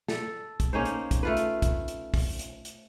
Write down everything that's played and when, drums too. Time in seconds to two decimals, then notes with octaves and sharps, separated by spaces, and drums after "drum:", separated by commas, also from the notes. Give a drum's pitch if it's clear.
0.08 A4, drum: snare
0.60 drum: kick, hi-hat
0.73 A#3 C#4 D#4 C5
0.85 drum: hi-hat
1.11 drum: kick, hi-hat
1.23 A3 F4 B4
1.37 drum: hi-hat
1.62 drum: kick, hi-hat
1.88 drum: hi-hat
2.14 drum: kick, open hi-hat
2.39 drum: hi-hat
2.65 drum: hi-hat